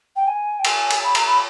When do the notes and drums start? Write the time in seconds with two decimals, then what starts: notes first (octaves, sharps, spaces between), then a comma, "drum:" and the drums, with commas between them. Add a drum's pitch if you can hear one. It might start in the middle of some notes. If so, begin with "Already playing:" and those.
0.16 G5
0.27 G#5
0.59 G5
0.65 G#5, drum: cymbal
0.91 drum: cymbal
1.04 B5
1.15 A#5, drum: cymbal
1.26 B5